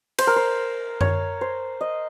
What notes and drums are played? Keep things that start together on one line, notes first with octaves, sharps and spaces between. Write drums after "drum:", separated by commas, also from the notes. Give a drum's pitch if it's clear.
C5, drum: cymbal
A#4
C5
C#5, drum: tom F#2
C5
D#5